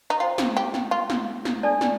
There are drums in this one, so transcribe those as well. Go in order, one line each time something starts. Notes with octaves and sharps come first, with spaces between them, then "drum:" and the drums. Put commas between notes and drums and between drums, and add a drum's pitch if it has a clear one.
D#4
F4 C5 G5 C6
drum: snare
G4
drum: snare
F4
drum: snare
drum: snare
D4 A4 D5 A5
drum: snare